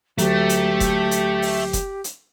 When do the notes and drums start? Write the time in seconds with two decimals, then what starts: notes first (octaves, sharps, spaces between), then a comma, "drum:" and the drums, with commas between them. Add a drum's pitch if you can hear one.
0.18 D2 F#3 A3 G4, drum: hi-hat
0.49 drum: hi-hat
0.80 drum: kick F1, hi-hat
1.11 drum: hi-hat
1.42 drum: open hi-hat
1.73 drum: kick F1, hi-hat
2.04 drum: hi-hat